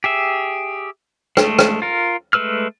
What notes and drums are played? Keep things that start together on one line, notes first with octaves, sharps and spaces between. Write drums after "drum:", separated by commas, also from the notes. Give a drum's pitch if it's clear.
G4 G#4 E5
G#3 A3, drum: rim click
drum: rim click
F4 A#4
G#3 A3 B4 E6 F6